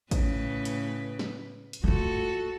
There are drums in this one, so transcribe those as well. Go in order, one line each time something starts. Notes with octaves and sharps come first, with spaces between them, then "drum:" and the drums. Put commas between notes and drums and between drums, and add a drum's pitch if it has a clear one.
A2 C#3 B4, drum: kick A1, hi-hat
drum: hi-hat
drum: snare
drum: hi-hat
A3 F4 F#4 A4